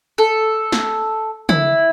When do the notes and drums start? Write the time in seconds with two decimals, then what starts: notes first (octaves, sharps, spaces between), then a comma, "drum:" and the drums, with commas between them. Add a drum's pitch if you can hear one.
0.18 A4
0.72 drum: snare
1.49 E4, drum: tom